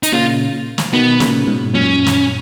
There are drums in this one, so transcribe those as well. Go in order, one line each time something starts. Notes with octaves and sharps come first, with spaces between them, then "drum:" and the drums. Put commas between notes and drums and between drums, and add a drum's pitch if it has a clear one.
D#4, drum: hi-hat
A#2 C#3 F4
drum: snare
B2 D#3 B3
A#2 C#3, drum: snare
G#2 B2
F#2 A#2 C#4
drum: snare